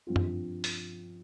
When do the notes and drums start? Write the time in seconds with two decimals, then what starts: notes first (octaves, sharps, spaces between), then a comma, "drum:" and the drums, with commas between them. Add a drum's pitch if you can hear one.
0.07 G2 F3 C4 F4
0.16 drum: tom F#2
0.64 drum: open hi-hat